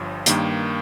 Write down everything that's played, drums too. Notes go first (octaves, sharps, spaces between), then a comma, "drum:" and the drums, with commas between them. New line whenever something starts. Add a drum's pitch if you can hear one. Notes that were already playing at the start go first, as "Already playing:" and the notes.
Already playing: G1 G2 F3 C#5
G2 D#3 A#3, drum: hi-hat